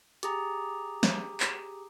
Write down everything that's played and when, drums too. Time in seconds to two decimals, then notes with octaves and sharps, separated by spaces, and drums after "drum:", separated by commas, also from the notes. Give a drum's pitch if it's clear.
0.23 G4 G#4 A#5, drum: hi-hat
1.03 drum: snare
1.40 drum: clap